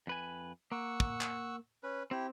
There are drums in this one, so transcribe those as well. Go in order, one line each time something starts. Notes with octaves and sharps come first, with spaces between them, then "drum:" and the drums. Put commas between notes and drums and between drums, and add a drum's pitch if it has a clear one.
F2 B4 G#5
A#3 F#5 C#6 E6
drum: kick
drum: clap
C#4 B4
C4 E4 G4